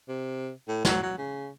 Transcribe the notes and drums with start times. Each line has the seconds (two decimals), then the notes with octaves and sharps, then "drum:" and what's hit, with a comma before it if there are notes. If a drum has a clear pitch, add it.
0.08 C3
0.68 A2
0.85 F#3, drum: snare
1.02 F#3
1.18 C#3